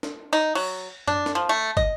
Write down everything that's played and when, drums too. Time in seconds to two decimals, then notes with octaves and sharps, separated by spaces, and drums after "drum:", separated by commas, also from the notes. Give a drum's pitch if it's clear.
0.03 drum: snare
0.33 D#4
0.55 F#3, drum: cymbal
1.07 D4, drum: tom F#2
1.26 drum: snare
1.35 F3
1.49 A3
1.77 D#5, drum: kick